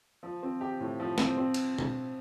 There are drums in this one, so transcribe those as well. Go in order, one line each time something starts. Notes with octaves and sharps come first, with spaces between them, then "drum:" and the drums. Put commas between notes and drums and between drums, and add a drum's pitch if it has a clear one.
F3
C4
G4
A2
F3
C4, drum: snare
C4
drum: cymbal
drum: tom B2